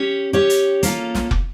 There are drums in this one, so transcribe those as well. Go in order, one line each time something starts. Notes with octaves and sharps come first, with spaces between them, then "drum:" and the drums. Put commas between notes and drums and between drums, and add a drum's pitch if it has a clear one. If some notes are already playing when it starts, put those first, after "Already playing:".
Already playing: C#4 G4 C#5
C#4 G4 C#5
drum: hi-hat
A#3 C#4 F4 A4, drum: hi-hat
drum: snare
drum: kick